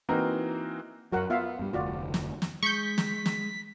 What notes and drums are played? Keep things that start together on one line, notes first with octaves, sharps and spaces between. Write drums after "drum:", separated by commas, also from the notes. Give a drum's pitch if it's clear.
E3 A#3 C4 D#4 F#4 A#4
F#2 F#3 F#4 A#4 F#5
B3 F4 E5 F5
G2 G3
F1 D2 F4 F#4 D5
drum: snare
drum: snare
G#3 C#6 G6 B6
drum: snare
drum: snare